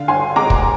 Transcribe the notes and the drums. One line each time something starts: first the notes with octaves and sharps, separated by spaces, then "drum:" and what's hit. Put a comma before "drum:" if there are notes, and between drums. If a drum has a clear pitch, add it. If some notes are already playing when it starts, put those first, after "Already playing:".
Already playing: D3 F5
G1 G#5 C6
G#3 A#5 D6
drum: kick